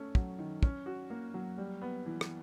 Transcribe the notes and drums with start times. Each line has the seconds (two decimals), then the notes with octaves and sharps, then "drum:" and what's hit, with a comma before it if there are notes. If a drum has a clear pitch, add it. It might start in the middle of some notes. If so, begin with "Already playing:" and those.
Already playing: A3 C#4
0.15 F#3, drum: kick
0.39 D#3
0.63 C#4, drum: kick
0.86 F#4
1.10 A#3
1.34 F#3
1.58 G3
1.81 B3
2.06 E3
2.21 drum: rim click